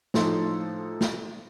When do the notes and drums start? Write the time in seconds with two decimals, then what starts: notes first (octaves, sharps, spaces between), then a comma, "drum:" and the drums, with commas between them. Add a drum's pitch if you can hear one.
0.14 A2 F3 D#4 A4 C6, drum: snare
1.01 drum: snare